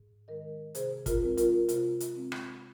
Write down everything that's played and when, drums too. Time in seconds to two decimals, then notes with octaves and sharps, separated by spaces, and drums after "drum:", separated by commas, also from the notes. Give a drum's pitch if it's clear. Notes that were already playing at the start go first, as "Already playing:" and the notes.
Already playing: G#2
0.28 D#3 G#3 A#4 D#5
0.75 C3 G#4 C5, drum: hi-hat
1.06 F4 A#4, drum: kick, hi-hat
1.22 G#3 C4
1.38 F4 A#4, drum: hi-hat
1.69 C3 F4, drum: hi-hat
2.00 drum: hi-hat
2.16 G#3 C4
2.32 drum: rim click